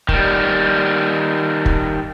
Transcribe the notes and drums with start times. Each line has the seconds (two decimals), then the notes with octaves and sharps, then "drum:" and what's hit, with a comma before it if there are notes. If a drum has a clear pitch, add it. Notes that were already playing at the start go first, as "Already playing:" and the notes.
0.09 D#3 G3, drum: kick
1.66 drum: kick